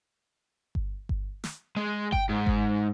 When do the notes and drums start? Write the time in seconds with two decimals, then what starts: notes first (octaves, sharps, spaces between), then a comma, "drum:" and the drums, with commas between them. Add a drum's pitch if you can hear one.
0.75 drum: kick G1
1.09 drum: kick G1
1.44 drum: snare
1.77 G#3
2.13 G5, drum: kick G1
2.29 G#2
2.47 drum: kick G1